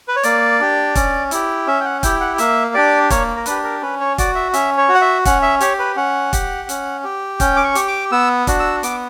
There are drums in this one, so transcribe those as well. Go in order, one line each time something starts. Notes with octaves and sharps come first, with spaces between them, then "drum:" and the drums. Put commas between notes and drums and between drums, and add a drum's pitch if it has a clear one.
B4
C#5
A#3 D5, drum: hi-hat
D4 G4
C#4, drum: kick, hi-hat
E4 G4, drum: hi-hat
C#4 E5
G5
F#5
E4 G4 G5, drum: kick, hi-hat
F#5
A#3 E5, drum: hi-hat
D4 G4 D5
A#3 C#5, drum: kick, hi-hat
A#4
D4 G4 B4, drum: hi-hat
A#4
C#4 B4
C#5
F#4 D5, drum: kick, hi-hat
E5
C#4 E5, drum: hi-hat
C#5
F#4
F#5
E5
C#4 F#5, drum: kick, hi-hat
E5
G4 C#5, drum: hi-hat
B4
C#4 F#5
G4, drum: kick, hi-hat
C#4, drum: hi-hat
G4
C#4 G5, drum: kick, hi-hat
D6
C#6
G4, drum: hi-hat
D6
B3 E6
D4 F#4, drum: kick, hi-hat
E6
B3 D6, drum: hi-hat